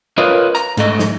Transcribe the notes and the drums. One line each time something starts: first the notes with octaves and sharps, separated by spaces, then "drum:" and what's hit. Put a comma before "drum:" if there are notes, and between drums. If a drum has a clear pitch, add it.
F4 A#4 B4 C#5 D#5
A#5, drum: hi-hat
G#2 A3 D#5, drum: hi-hat
drum: snare